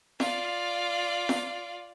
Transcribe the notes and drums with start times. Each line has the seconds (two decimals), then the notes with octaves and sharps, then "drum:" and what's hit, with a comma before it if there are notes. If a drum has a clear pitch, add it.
0.20 F4 D5, drum: snare F4
1.29 drum: snare F4